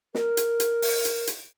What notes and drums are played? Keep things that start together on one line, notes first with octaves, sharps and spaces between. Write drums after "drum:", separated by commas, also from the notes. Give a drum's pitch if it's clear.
A#4, drum: snare
drum: hi-hat
drum: hi-hat
drum: open hi-hat
drum: hi-hat
drum: hi-hat